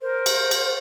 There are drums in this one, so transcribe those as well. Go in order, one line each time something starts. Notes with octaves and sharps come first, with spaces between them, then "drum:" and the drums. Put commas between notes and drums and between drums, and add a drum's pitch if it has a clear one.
A#4 C5
drum: cymbal
drum: cymbal